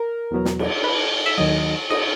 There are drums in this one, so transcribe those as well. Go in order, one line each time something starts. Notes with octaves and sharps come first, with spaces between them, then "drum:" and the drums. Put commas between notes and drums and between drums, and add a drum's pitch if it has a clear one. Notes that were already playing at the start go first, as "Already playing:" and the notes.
Already playing: A#4
E2 B2 F#3
drum: snare
drum: cymbal
B4
E5
D#2 D#3 F#3 D#5
D#5, drum: cymbal